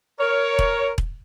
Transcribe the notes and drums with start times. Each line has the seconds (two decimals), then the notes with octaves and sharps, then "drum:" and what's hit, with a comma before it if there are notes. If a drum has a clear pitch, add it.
0.19 A#4 C#5
0.59 drum: kick E1
0.98 drum: kick E1